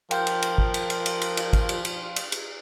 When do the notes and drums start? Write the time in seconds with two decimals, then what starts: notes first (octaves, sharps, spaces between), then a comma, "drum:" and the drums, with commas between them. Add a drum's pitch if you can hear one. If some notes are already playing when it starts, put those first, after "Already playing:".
0.11 F3 A#4 F5 G5 C6 F6 G6, drum: cymbal
0.27 drum: cymbal
0.43 drum: cymbal
0.58 drum: kick
0.74 drum: cymbal
0.90 drum: cymbal
1.06 drum: cymbal
1.22 drum: cymbal
1.37 drum: cymbal
1.53 drum: kick, cymbal
1.69 drum: cymbal
1.85 drum: cymbal
2.16 drum: cymbal
2.32 drum: cymbal